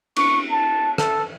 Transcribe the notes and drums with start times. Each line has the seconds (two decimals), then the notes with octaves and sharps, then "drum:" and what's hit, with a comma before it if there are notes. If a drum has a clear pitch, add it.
0.16 C#6, drum: cymbal
0.50 A5
0.98 A4, drum: rim click